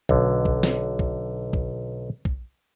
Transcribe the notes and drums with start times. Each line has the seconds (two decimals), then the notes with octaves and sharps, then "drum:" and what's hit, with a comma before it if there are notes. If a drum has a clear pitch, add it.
0.09 B1 D3, drum: kick
0.45 drum: kick
0.63 drum: snare
0.99 drum: kick
1.53 drum: kick
2.25 drum: kick